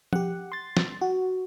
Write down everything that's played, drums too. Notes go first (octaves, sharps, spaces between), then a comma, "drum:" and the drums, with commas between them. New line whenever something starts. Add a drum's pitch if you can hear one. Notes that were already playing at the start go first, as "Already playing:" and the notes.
G4 F#5, drum: tom F3
C6 A6
drum: snare
F#4